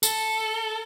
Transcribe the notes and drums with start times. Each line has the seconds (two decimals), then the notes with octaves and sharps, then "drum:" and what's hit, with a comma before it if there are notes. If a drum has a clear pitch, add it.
0.03 A4, drum: tambourine